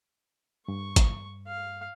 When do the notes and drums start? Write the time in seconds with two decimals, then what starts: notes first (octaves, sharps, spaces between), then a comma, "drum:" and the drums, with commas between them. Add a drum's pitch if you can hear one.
0.68 G2 C#6
0.96 drum: kick G#1, hi-hat
1.47 F5